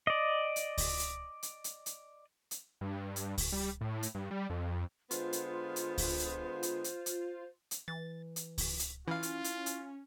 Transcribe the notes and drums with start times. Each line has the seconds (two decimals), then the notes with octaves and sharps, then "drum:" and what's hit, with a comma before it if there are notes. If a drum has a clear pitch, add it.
0.07 D5 D#5
0.56 drum: hi-hat
0.78 drum: kick C#2, open hi-hat
0.99 drum: hi-hat
1.43 drum: hi-hat
1.64 drum: hi-hat
1.86 drum: hi-hat
2.51 drum: hi-hat
2.81 G2
3.16 drum: hi-hat
3.38 drum: kick C#2, open hi-hat
3.52 G3
3.81 A2
4.03 drum: hi-hat
4.15 G2
4.31 G3
4.50 F2
5.11 D3 G#3 B3 F4 C5, drum: hi-hat
5.33 drum: hi-hat
5.76 drum: hi-hat
5.98 drum: kick C#2, open hi-hat
6.19 drum: hi-hat
6.63 drum: hi-hat
6.84 drum: hi-hat
7.06 drum: hi-hat
7.71 drum: hi-hat
7.88 E3 A6
8.36 drum: hi-hat
8.58 drum: kick C#2, open hi-hat
8.79 drum: hi-hat
9.08 E3 C#4 E4 F4 F5
9.23 drum: hi-hat
9.44 drum: hi-hat
9.66 drum: hi-hat